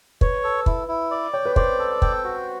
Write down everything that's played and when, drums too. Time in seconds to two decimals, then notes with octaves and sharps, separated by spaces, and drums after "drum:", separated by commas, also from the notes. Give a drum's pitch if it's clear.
0.21 B4 C#5, drum: kick
0.44 A4
0.66 E4, drum: kick
0.88 E4
1.11 D5
1.33 C#5 G5
1.45 B4
1.56 C5 D5, drum: kick
1.79 A4
2.02 G5, drum: kick
2.24 F#4